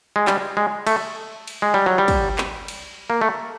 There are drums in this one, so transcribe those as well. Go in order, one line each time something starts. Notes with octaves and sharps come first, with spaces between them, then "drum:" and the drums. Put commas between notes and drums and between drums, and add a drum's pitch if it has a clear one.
G#3
G3, drum: clap
G#3
A3, drum: cymbal
drum: cymbal
G#3
G3
F#3
G3
drum: kick, cymbal
drum: clap
drum: cymbal
A#3
A3